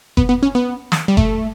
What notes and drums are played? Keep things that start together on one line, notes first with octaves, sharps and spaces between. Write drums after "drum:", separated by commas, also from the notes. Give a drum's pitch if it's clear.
B3, drum: kick F#1
B3
C#4
B3
drum: snare
G3
A3, drum: kick F#1